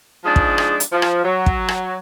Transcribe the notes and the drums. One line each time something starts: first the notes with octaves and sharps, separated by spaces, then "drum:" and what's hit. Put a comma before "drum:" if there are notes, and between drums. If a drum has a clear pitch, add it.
F3 G#3 D4 D#4 G#4
drum: kick
drum: rim click
drum: hi-hat
F3
drum: rim click
F#3
drum: kick
drum: rim click